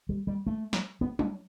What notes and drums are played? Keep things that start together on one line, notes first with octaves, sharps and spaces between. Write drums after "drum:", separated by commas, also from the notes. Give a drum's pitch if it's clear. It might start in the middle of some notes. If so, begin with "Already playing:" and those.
G3
G3
A3
drum: snare
B3
D4, drum: tom F#3